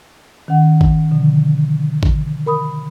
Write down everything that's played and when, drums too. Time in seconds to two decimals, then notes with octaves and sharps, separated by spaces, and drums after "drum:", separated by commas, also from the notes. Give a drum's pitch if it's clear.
0.48 D#3 C#4 F#5
0.81 drum: kick G#1
1.11 B2 D3 F3
2.03 drum: kick G#1
2.46 A#4 B5 D#6